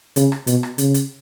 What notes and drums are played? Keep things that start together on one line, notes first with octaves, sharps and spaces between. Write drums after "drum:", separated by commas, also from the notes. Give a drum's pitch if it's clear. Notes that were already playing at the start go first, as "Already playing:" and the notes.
C#3, drum: hi-hat
drum: rim click
B2, drum: hi-hat
drum: rim click
C#3, drum: hi-hat
drum: hi-hat